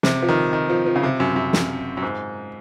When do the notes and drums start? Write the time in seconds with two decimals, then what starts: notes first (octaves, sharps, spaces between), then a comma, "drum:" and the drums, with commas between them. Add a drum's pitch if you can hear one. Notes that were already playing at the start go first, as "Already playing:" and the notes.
0.03 C3, drum: snare
0.22 F3
0.28 D#3
0.53 D#3
0.69 F3
0.86 F3
0.96 C#3
1.03 C3
1.20 F#2
1.36 F#2
1.53 drum: snare
1.97 F#2
2.02 G#2